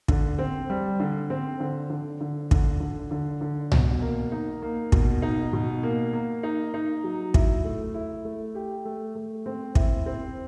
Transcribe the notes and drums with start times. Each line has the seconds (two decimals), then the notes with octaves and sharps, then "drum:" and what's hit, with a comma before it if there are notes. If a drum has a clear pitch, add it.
0.08 D3, drum: kick
0.38 C4
0.70 G3
1.00 D3
1.30 C4
1.60 D3
1.90 D3
2.21 D3
2.51 D3, drum: kick
2.80 D3
3.11 D3
3.41 D3
3.72 B2, drum: tom C2
4.01 A#3
4.32 D#4
4.62 A#3
4.92 B2, drum: kick
5.22 D#4
5.53 B2
5.83 A#3
6.13 A#3
6.43 D#4
6.74 D#4
7.04 F#3
7.34 E4, drum: kick
7.64 A3
7.94 E4
8.25 A3
8.55 G4
8.85 A3
9.15 A3
9.46 C4
9.75 E4, drum: kick
10.06 C4